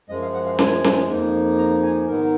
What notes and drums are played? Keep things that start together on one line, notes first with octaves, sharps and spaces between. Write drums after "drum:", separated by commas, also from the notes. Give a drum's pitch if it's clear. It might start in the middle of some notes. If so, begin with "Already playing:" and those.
F#2 F3 G#3 D#5
F5
F#5
F5
G#5, drum: snare
drum: snare
F2 F3 A#3 D#4
A#5
G#5
G#2 D#3 F#3 B3 D#4 A#4